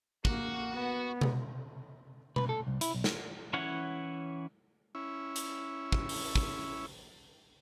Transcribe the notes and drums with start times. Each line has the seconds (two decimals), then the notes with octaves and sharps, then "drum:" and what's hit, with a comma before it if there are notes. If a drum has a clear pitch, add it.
0.25 A#3 F#4, drum: kick
0.74 B3
1.21 drum: tom B2
2.36 B4, drum: tom B2
2.49 A4
2.67 C2
2.81 E4, drum: hi-hat
2.94 B1
3.04 drum: snare
3.53 E3 C#4 E4 C#5 F#5
4.95 C#4 E4
5.36 drum: hi-hat
5.92 drum: kick
6.09 drum: open hi-hat
6.35 drum: kick